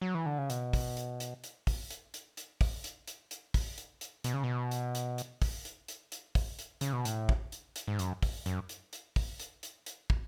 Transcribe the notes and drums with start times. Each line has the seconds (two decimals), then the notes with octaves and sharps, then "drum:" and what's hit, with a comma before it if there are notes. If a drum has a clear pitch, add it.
0.01 F#3
0.15 E3
0.26 D3
0.38 C#3
0.50 B2, drum: hi-hat
0.73 drum: kick, open hi-hat
0.97 drum: hi-hat
1.20 drum: hi-hat
1.44 drum: hi-hat
1.67 drum: kick, open hi-hat
1.90 drum: hi-hat
2.14 drum: hi-hat
2.37 drum: hi-hat
2.61 drum: kick, open hi-hat
2.84 drum: hi-hat
3.08 drum: hi-hat
3.31 drum: hi-hat
3.54 drum: kick, open hi-hat
3.78 drum: hi-hat
4.01 drum: hi-hat
4.24 B2, drum: hi-hat
4.34 C#3
4.43 B2
4.71 drum: hi-hat
4.95 drum: hi-hat
5.18 drum: hi-hat
5.42 drum: kick, open hi-hat
5.65 drum: hi-hat
5.88 drum: hi-hat
6.12 drum: hi-hat
6.35 drum: kick, open hi-hat
6.59 drum: hi-hat
6.81 C#3, drum: hi-hat
6.93 B2
7.05 A2, drum: hi-hat
7.29 drum: kick
7.52 drum: hi-hat
7.76 drum: hi-hat
7.88 G#2
7.99 F#2, drum: hi-hat
8.23 drum: kick, open hi-hat
8.46 F#2, drum: hi-hat
8.69 drum: hi-hat
8.93 drum: hi-hat
9.16 drum: kick, open hi-hat
9.40 drum: hi-hat
9.63 drum: hi-hat
9.86 drum: hi-hat
10.10 drum: kick